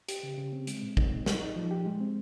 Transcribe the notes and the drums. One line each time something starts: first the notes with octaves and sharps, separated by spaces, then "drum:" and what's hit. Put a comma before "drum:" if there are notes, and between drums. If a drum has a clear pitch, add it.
G4, drum: hi-hat
C#3
C#3
C4
G#3, drum: hi-hat
A#2
D#4, drum: kick
A#2
D#4, drum: snare
D#4
F3
G4
G#3
C4